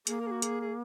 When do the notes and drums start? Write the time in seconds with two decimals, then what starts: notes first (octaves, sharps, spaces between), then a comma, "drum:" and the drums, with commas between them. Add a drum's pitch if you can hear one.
0.07 A#3 G#4, drum: hi-hat
0.20 A#4
0.27 G#4
0.32 F#4
0.42 G#4, drum: hi-hat
0.61 G#4